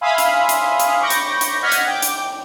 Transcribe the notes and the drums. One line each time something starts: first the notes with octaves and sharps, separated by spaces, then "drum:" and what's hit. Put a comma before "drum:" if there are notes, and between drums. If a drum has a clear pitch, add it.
E5 F5 G#5 B5 C6 D#6
drum: hi-hat
drum: hi-hat
drum: hi-hat
B5 C#6 D6 G6 A#6
drum: hi-hat
drum: hi-hat
D#5 F#5 F6 G#6 B6
drum: hi-hat
G5 D6
drum: hi-hat